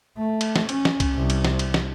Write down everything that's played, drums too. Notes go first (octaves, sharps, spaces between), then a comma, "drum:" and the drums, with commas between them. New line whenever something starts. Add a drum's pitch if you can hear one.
A3
drum: cymbal
drum: snare
C#4, drum: cymbal
drum: snare
drum: kick C2, cymbal
C2
drum: cymbal
drum: snare
drum: cymbal
drum: snare